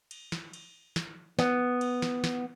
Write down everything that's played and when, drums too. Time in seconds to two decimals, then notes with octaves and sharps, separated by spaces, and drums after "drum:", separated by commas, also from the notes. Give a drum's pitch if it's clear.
0.11 drum: cymbal
0.32 drum: snare
0.53 drum: cymbal
0.96 drum: snare
1.39 B3, drum: snare
1.81 drum: cymbal
2.02 drum: snare
2.24 drum: snare